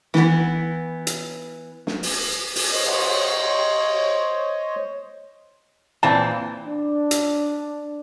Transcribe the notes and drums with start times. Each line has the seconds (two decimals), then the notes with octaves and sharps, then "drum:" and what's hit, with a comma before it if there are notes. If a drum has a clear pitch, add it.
0.14 E3 B3, drum: snare
1.07 drum: hi-hat
1.87 drum: snare
2.03 drum: open hi-hat
2.56 drum: open hi-hat
2.72 C5 C#5 D#5
2.86 drum: cymbal
6.03 A#2 E3 C4 A5
6.66 D4
7.11 drum: hi-hat